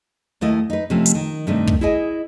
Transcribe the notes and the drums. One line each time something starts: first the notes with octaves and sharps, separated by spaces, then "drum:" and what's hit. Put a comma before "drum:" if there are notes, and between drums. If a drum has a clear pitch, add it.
D#2 A3 E4 D#5
D#4 B4
C3 F3 A3 C#4
drum: hi-hat
D#3
G2 C3 D#3 A3
drum: kick
E4 G#4 D#5 G#5